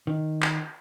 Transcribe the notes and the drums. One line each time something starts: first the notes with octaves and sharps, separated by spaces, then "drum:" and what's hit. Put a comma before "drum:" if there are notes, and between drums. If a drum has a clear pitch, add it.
D#3
drum: clap